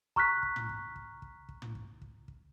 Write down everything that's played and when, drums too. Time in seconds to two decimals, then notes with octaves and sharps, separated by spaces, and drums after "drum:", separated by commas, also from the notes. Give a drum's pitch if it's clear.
0.16 A#5 C#6 F6 F#6 B6, drum: kick
0.43 drum: kick
0.56 drum: tom
0.69 drum: kick
0.96 drum: kick
1.22 drum: kick
1.49 drum: kick
1.62 drum: tom
1.75 drum: kick
2.02 drum: kick
2.28 drum: kick